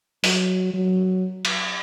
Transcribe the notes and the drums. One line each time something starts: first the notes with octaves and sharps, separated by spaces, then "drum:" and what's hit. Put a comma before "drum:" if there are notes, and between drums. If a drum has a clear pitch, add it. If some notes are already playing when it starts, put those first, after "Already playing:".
F#3, drum: open hi-hat
F#3
drum: cymbal